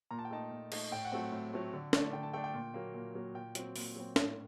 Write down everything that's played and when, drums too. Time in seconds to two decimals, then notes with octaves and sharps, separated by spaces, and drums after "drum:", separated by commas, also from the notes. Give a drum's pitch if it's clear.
0.11 A#2 A#5
0.19 A5
0.25 G5
0.31 A3 D#4 A5
0.51 A#2
0.72 A3 D#4, drum: cymbal
0.91 A2 G5
1.05 F#5
1.12 F#3 A3 C4 G5
1.32 A2
1.53 F#3 A3 C4
1.73 D3
1.93 A3 D4, drum: snare
2.13 D3 G5
2.23 A5
2.33 A3 D4 G5
2.44 G5
2.54 A#2
2.74 F#3 A#3
2.94 A#2
3.15 F#3 A#3
3.35 A#2 G5
3.55 F#3 C4, drum: hi-hat
3.76 A#2, drum: open hi-hat
3.96 F#3 C4
4.16 A2, drum: snare